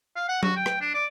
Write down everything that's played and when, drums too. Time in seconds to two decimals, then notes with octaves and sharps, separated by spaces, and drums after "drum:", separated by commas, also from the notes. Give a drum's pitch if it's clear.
0.16 F5
0.29 F#5
0.43 F#4, drum: tom F#3
0.56 G5
0.66 drum: rim click
0.81 D4
0.94 D5